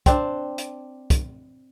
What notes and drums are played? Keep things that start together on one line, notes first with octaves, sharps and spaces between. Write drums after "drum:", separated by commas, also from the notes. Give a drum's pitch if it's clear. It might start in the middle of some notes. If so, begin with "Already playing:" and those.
C4 D4, drum: kick, hi-hat
drum: hi-hat
drum: kick, hi-hat